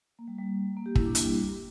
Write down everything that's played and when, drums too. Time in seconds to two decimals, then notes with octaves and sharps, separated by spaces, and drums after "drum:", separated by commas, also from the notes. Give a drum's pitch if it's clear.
0.19 A#3
0.28 G3
0.38 G3
0.77 A#3
0.86 G4
0.95 E4, drum: kick
1.06 D4
1.15 A#3, drum: hi-hat
1.24 G3